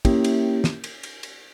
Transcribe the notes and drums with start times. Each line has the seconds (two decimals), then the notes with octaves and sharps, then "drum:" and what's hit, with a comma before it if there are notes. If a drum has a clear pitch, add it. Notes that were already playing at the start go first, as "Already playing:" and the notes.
0.05 A#3 C#4 E4 G4, drum: kick, cymbal
0.24 drum: cymbal
0.64 drum: snare
0.84 drum: cymbal
1.03 drum: cymbal
1.23 drum: cymbal